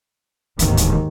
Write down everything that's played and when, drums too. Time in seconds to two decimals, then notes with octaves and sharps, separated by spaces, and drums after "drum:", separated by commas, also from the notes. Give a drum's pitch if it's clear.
0.59 D1 D#2 G#2 D#3 E3, drum: hi-hat
0.77 drum: hi-hat